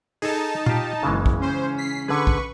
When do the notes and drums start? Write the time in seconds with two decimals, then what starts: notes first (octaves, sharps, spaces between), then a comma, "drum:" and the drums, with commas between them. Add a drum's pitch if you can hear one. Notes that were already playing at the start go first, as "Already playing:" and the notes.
0.22 D#4 G#4 A4 A5, drum: open hi-hat
0.66 F4 G4, drum: tom A#2
1.03 F#1 C#3 E3 G#3
1.26 drum: kick
1.42 C#4 C5
1.78 B6 C7
2.08 D3 G#4 B4 C#6
2.27 drum: kick